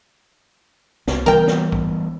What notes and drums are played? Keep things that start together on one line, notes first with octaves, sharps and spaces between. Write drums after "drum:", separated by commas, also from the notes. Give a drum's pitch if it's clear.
C2, drum: snare
E3 G3 B3 A#4 G5
drum: snare
drum: kick